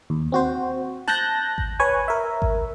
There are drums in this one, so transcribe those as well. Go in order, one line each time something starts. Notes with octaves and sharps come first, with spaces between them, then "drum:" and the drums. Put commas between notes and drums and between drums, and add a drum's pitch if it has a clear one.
D#2
C4 F#4 C5
A5 F#6 G6 A#6, drum: snare
drum: kick G#1
B4 C#5 G#5
A#4 E5
drum: kick G#1